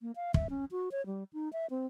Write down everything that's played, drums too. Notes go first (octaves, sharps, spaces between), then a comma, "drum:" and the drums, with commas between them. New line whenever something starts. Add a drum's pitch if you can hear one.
A#3
F5
E5, drum: kick
C#4
F#4
C#5
G3
D#4
E5
C4